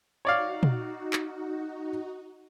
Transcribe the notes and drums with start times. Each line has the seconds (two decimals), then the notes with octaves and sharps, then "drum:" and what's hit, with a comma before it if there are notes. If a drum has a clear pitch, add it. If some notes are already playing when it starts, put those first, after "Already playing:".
0.25 D#4 F#4 C#5 D5 F5
0.63 drum: tom
1.13 drum: clap